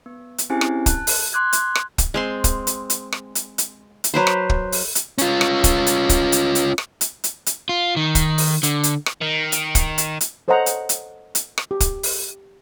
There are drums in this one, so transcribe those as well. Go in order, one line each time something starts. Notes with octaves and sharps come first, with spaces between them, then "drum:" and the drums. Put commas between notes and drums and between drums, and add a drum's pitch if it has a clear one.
B3
drum: hi-hat
C4 C#4 E4 G4 G#4 G#5
drum: rim click
A5 F#6, drum: kick, hi-hat
drum: open hi-hat
C6 D6 F#6 G#6
drum: hi-hat
drum: rim click
drum: kick, hi-hat
G#3 C4 C6
drum: kick, hi-hat
drum: hi-hat
drum: hi-hat
drum: rim click
drum: hi-hat
drum: hi-hat
drum: hi-hat
F#3 B4 C5
drum: rim click
drum: kick
drum: open hi-hat
drum: hi-hat
C#4 F4, drum: hi-hat
drum: rim click
drum: kick, hi-hat
drum: hi-hat
drum: kick, hi-hat
drum: hi-hat
drum: hi-hat
drum: rim click
drum: hi-hat
drum: hi-hat
drum: hi-hat
F4
D#3
drum: kick, hi-hat
drum: open hi-hat
D3, drum: hi-hat
drum: hi-hat
drum: rim click
D#3
drum: hi-hat
drum: kick, hi-hat
drum: hi-hat
drum: hi-hat
A4 C5 C#5 D#5 F#5 A#5
drum: hi-hat
drum: hi-hat
drum: hi-hat
drum: rim click
G4
drum: kick, hi-hat
drum: open hi-hat